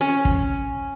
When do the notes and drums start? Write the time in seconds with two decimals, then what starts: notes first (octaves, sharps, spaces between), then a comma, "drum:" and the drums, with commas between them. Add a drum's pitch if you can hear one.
0.01 C#4
0.25 drum: kick